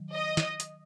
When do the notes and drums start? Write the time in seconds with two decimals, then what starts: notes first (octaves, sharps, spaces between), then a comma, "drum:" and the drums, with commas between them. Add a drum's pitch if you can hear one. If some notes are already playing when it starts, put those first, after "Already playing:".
Already playing: D#3 F#3
0.12 D#5
0.37 drum: snare
0.60 drum: hi-hat